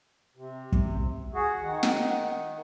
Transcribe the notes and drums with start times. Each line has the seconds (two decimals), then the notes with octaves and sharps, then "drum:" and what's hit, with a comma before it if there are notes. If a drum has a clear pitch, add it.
0.36 C3
0.72 drum: kick
1.34 F#4 G#4 F#5
1.61 D#3
1.83 drum: snare